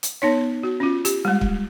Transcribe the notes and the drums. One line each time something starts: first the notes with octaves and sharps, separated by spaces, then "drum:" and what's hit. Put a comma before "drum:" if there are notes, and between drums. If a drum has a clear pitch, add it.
drum: hi-hat
B3 D#4 C#5
F#4
C#4 F4
G4, drum: hi-hat
G3 G#3
drum: kick